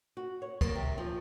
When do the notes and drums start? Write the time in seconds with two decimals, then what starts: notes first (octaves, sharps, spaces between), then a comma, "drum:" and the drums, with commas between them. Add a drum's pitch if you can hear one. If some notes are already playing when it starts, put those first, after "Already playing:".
0.17 F#4
0.42 C#5
0.61 A#3, drum: kick, cymbal
0.75 C3
0.98 F3